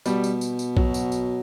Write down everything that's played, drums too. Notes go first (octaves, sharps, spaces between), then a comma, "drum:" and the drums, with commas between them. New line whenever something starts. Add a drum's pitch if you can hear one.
B2 G3, drum: tambourine
drum: tambourine
drum: tambourine
drum: tambourine
F#3, drum: kick A#1
drum: tambourine
drum: tambourine